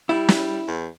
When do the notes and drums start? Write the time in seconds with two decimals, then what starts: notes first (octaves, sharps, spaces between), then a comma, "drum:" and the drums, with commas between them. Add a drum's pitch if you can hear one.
0.09 G3 E4
0.28 drum: snare
0.68 E2